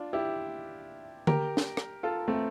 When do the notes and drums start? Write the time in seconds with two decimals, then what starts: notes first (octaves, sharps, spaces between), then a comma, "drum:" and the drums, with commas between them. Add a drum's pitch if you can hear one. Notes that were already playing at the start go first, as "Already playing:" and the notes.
Already playing: D4 F4
0.13 E4 G4
1.27 G4 A#4, drum: tom D3
1.57 drum: snare
1.77 drum: rim click
2.03 F4 A4
2.28 A3 C4